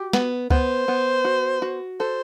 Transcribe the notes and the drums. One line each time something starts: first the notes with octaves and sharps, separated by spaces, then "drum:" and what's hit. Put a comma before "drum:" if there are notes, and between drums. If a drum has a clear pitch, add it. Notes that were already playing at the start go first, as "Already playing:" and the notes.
Already playing: F#4 G4
B3, drum: snare
B3 C5, drum: kick C#2
B3
F#4
F#4
A4 C5